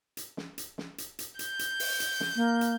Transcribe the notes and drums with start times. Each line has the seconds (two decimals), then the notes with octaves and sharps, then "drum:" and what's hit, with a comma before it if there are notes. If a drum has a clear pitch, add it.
0.17 drum: hi-hat
0.37 drum: snare
0.58 drum: hi-hat
0.78 drum: snare
0.98 drum: hi-hat
1.19 drum: hi-hat
1.39 G6, drum: hi-hat
1.59 drum: hi-hat
1.80 drum: open hi-hat
2.00 drum: hi-hat
2.20 drum: snare
2.36 A#3
2.61 drum: hi-hat